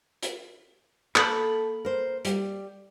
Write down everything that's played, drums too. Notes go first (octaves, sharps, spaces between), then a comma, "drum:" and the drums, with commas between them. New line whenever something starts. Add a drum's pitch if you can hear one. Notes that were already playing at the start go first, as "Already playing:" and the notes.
drum: hi-hat
A#3 A4 B5, drum: clap
A#4 C5
G3, drum: hi-hat